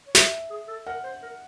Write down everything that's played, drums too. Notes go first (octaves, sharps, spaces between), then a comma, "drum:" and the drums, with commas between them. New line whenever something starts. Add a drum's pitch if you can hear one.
C#5
C5 E5, drum: snare
G#4
A4
A#4 F#5
C5
A#4